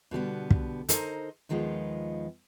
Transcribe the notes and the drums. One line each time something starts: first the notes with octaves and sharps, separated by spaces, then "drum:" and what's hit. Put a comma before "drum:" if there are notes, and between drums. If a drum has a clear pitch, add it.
B2 D3 G3 B3
drum: kick
D#4 A4 A#4 C5, drum: hi-hat
D#2 D#3 F3 G#3 B3 F4